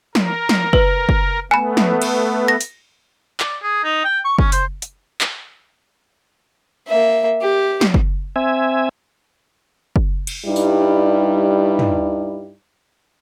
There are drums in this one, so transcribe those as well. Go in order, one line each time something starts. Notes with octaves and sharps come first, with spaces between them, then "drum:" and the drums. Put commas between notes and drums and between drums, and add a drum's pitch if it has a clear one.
A#4, drum: snare
drum: snare
B4, drum: kick F#1
drum: kick F#1
A3 B3 G#5 B5
drum: snare
drum: cymbal
A#6
drum: hi-hat
D5, drum: clap
G#4
D#4
G5
C#6
C#4, drum: kick F#1
C5, drum: hi-hat
drum: hi-hat
drum: clap
A#3 E5
G4
drum: snare
drum: kick F#1
C4 E5 G#5
drum: kick F#1
drum: cymbal
G2 G3 D#4 E4
drum: tambourine
drum: tom